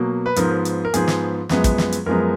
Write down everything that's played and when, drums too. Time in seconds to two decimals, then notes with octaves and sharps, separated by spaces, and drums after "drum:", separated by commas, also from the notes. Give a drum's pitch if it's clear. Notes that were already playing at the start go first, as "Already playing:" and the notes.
Already playing: B2 F#3 A#3
0.26 B4
0.36 G#2 F3 B3 A#4, drum: hi-hat
0.65 drum: hi-hat
0.85 A#4
0.94 G#2 F3 B3 G#4, drum: hi-hat
1.08 drum: snare
1.49 F#2 F3 G#3 B3, drum: snare
1.64 drum: kick, hi-hat
1.78 drum: snare
1.92 drum: hi-hat
2.06 F#2 F3 G#3 B3 A#4